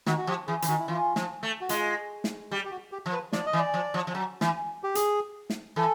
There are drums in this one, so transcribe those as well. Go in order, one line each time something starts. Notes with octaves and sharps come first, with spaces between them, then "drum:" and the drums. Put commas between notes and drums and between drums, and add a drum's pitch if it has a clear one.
D#3 F#4, drum: snare
F#4
F3 G4
E3 G#4
E3, drum: hi-hat
D#3 F#4
E4
E3 F4
F3, drum: snare
A3
F#4
G#3 F4, drum: hi-hat
drum: snare
G3 G4
G4
F#4
G4
F3
B4
F3 D5, drum: snare
D#5
E3
D5
F3
F3
F3
F#3
E3, drum: snare
G4
G#4, drum: hi-hat
drum: snare
E3 A4